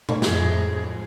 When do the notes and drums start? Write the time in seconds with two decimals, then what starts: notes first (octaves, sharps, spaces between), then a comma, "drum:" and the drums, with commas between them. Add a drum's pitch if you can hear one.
0.09 drum: tom A#2
0.22 F2 A2 G#4, drum: snare